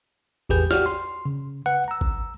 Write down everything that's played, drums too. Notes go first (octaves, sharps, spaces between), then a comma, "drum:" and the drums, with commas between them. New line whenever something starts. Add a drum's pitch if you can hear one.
A1 E2 G4 G#4 B4 G6
F#4 G4 D5 F6, drum: snare
C6
C#3
B4 F#5
A#5 E6
drum: kick G#1